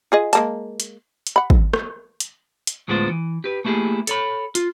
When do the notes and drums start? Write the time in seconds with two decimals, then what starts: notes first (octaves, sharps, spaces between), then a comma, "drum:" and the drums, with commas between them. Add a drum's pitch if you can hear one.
0.12 F4 G#4 D#5
0.33 G#3 A#3 A5, drum: hi-hat
0.80 drum: hi-hat
1.27 drum: hi-hat
1.36 F#5 B5
1.50 drum: kick
1.74 drum: rim click
2.20 drum: hi-hat
2.67 drum: hi-hat
2.88 D2 A2 G#3 B3 F4 C5
3.10 E3
3.44 G4 B4
3.65 A3 A#3 E4 G4 G#4
4.07 A4 C#5 B5, drum: hi-hat
4.55 F4, drum: hi-hat